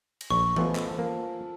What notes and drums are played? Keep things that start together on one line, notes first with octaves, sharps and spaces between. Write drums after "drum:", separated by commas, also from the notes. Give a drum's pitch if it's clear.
drum: cymbal
A#1 E5 C#6
F3 G#3 A3 B3 F4 B4, drum: tom E3
A4 B4, drum: clap
A#3 C5 F5 A5